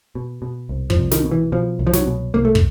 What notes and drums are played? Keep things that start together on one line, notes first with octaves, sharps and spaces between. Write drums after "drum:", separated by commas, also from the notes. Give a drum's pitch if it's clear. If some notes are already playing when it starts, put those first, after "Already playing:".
B2
B2
C2
F3, drum: kick
C2
D#3, drum: snare
B2
E3
B2 F3
C2
F3
F#3, drum: snare
B2
C2 A#3
A3
drum: kick